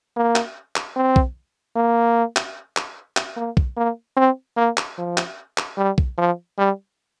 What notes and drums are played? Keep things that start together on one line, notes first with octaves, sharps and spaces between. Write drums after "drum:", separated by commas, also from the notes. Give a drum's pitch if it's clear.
A#3
drum: clap
drum: clap
C4
drum: kick
A#3
drum: clap
drum: clap
drum: clap
A#3
drum: kick
A#3
C4
A#3
drum: clap
F3
drum: clap
drum: clap
G3
drum: kick
F3
G3